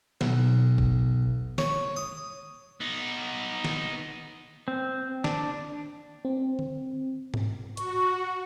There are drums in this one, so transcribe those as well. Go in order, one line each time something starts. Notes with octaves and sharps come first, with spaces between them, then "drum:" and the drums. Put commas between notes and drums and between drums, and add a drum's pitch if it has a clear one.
B1, drum: snare
drum: kick
C#5, drum: snare
D#6
B3 D#4
drum: snare
C4
D4, drum: snare
C4
drum: tom D3
drum: tom G#2
F#4 C#6, drum: hi-hat